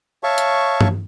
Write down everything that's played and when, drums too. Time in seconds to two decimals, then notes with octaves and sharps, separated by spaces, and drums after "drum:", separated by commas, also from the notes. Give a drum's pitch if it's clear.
0.23 C#5 E5 F5 A5 C#6
0.38 drum: hi-hat
0.81 drum: tom G2